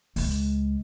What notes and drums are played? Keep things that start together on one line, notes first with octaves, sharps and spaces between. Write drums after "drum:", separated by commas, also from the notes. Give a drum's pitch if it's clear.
C#2 G#3, drum: open hi-hat
drum: hi-hat